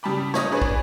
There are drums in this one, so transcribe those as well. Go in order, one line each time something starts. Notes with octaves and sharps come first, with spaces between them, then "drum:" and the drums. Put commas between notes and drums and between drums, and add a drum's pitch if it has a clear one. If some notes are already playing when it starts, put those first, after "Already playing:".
C#3 G3 A5 B5 D6
C#5 D#5 D#6, drum: snare
D4 G#4 B4 C#5 D5 C#6
drum: kick